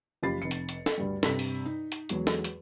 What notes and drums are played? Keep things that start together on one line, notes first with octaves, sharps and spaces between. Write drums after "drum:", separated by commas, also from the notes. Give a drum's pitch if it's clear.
F#1 F3 G4 B5 A6 C7
F1 C#7
drum: hi-hat
drum: hi-hat
drum: snare
D2 G2 G3
G2 C3 B6, drum: snare
drum: open hi-hat
D#4
drum: hi-hat
E2 F#3 G#3 G#4, drum: hi-hat
drum: snare
drum: hi-hat